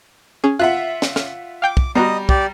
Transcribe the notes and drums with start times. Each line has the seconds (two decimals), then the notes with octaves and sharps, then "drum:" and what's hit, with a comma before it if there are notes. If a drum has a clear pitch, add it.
0.44 C#4 G#4
0.59 F4 E5 F#5 F#6
1.02 drum: snare
1.16 F6, drum: snare
1.62 F5 G5 D6 G6
1.77 drum: kick
1.95 G3 B3 F#4 D#5 A#5
2.29 G4 D5, drum: kick